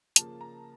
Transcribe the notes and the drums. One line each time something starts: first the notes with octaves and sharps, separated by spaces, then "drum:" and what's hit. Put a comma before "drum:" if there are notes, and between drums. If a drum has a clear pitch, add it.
C#3 F3 A#3 A5, drum: hi-hat
A#5